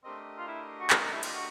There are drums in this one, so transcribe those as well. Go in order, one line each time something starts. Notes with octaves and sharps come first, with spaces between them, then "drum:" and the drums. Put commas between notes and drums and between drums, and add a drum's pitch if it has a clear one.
A3 C4 D4 G4 A#4 D#5
F4
E4
F#4
F4, drum: clap
D#4
E4
F4, drum: cymbal
F#4